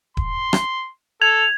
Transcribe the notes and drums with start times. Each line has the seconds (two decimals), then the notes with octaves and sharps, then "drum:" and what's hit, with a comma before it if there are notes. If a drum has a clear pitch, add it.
0.17 C6, drum: kick D#1
0.53 drum: rim click
1.22 A4 G#6 F7